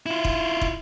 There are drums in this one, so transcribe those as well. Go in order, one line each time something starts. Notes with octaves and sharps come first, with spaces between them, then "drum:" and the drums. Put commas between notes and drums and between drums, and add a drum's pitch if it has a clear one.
E4 F4
drum: kick
drum: kick